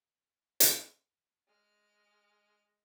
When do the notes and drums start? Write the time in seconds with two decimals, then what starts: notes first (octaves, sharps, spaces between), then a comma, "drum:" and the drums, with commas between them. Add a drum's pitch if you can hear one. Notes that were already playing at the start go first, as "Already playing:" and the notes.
0.60 drum: hi-hat
1.47 G#3 F6